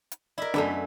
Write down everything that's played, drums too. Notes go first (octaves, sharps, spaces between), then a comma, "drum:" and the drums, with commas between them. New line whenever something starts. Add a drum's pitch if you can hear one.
drum: hi-hat
E4 A#4 D5 D#5 B6
F#2 A3 B3 D4 A4, drum: snare